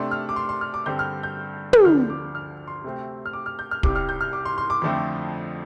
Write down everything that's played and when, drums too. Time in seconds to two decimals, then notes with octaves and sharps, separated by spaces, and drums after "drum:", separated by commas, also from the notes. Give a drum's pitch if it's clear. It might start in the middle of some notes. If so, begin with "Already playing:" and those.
Already playing: C3 A3 D4 C6
0.11 F6
0.29 D6
0.36 C6
0.49 C6
0.61 F6
0.74 D6
0.86 G2 D3 G3 C4 G6
0.99 F6
1.23 G6
1.73 G6, drum: tom
1.85 D2 D3 F3 D4 F6
2.10 D6
2.35 F6
2.68 C6
2.84 C3 A3 C4
3.26 F6
3.33 D6
3.46 F6
3.59 G6
3.71 F6
3.83 C2 C3 G3 D6, drum: kick
3.96 F6
4.09 G6
4.21 F6
4.33 D6
4.45 C6
4.58 C6
4.70 D6
4.82 F2 D3 F3 A3 C4